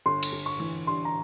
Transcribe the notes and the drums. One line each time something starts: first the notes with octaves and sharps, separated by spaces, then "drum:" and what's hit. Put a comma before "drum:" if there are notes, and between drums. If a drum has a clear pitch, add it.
G1 C6
drum: cymbal
G1
C#6
E3
G2 C6
A#5